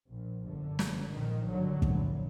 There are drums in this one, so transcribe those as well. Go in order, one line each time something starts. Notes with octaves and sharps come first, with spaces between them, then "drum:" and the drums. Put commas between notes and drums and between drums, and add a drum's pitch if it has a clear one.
A#1 A#2
G1 F#2 D3
F#1 F#2, drum: snare
A#1 A#2 D#3
A1 G2 D3 F#3
A#1 A2, drum: kick